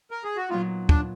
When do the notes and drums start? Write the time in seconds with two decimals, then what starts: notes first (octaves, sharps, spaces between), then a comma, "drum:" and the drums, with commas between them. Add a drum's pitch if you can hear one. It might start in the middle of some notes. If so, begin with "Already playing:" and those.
0.11 A#4
0.24 G#4
0.36 F#4
0.50 A#2 F#3 B3 D#4 F4
0.89 D4, drum: kick